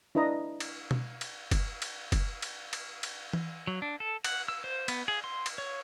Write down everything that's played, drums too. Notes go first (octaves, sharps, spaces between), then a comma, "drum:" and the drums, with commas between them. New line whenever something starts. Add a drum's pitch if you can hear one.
D4 E4 B4 D#5 A#5
drum: cymbal
drum: tom B2
drum: cymbal
drum: kick F#1, cymbal
drum: cymbal
drum: kick F#1, cymbal
drum: cymbal
drum: cymbal
drum: cymbal
drum: tom E3
F#3
D4
A4
F#5, drum: cymbal
E6
C5
B3, drum: cymbal
G#4
C6
drum: cymbal
C#5